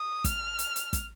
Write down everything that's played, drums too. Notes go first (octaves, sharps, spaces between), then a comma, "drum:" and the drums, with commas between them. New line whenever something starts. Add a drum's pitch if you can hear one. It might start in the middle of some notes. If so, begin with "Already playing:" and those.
Already playing: D#6
F6, drum: kick, hi-hat
drum: hi-hat
drum: hi-hat
drum: kick, hi-hat